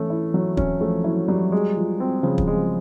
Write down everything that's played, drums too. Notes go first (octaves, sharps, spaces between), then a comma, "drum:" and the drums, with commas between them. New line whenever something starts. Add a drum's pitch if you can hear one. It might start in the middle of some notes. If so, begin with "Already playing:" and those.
Already playing: E3 A3 C#4
E4
F#3
C#4, drum: kick
F3 A3
F#3 E4
F#3 G3
G#3
F3
C4
C#3 F3
drum: kick
G#3